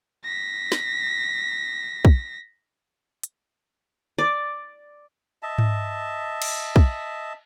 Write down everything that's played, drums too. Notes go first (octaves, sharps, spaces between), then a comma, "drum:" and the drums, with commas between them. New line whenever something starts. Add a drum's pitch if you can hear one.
A#6 B6
drum: snare
drum: kick
drum: hi-hat
D5
D#5 E5 A5
drum: tom G#2
drum: cymbal
drum: kick